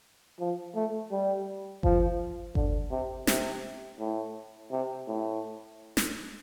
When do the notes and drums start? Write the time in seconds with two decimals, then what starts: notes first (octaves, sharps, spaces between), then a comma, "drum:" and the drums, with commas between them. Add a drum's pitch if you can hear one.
0.40 F3
0.75 A3
1.11 G3
1.83 F3, drum: kick G1
2.55 D3, drum: kick G1
2.91 C3
3.27 C3, drum: snare
3.99 A2
4.71 C3
5.07 A2
5.97 drum: snare